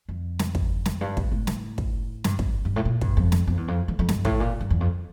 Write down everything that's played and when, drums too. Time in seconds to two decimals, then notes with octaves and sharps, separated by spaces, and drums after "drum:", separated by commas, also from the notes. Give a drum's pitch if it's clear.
0.09 F2
0.39 drum: snare
0.55 drum: kick
0.86 drum: snare
1.01 G2
1.17 A2, drum: kick
1.32 A2
1.47 drum: snare
1.78 drum: kick
2.24 G2, drum: snare
2.39 G2, drum: kick
2.65 G2
2.76 A2
2.85 A#2
3.01 G2, drum: kick
3.17 F2
3.32 drum: snare
3.47 F2
3.57 E2
3.68 F2
3.88 E2
3.99 F2
4.09 G2, drum: snare
4.25 A2, drum: kick
4.40 A#2
4.61 G2
4.70 E2
4.81 F2